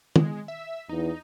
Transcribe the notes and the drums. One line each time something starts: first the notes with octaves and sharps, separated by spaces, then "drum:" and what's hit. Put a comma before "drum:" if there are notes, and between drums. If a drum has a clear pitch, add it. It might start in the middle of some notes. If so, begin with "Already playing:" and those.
G#3, drum: tom
E5
E2 D#4